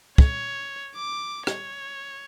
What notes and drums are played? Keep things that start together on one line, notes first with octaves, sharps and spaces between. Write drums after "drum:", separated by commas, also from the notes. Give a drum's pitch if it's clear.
C#5, drum: kick
D6
C#5, drum: rim click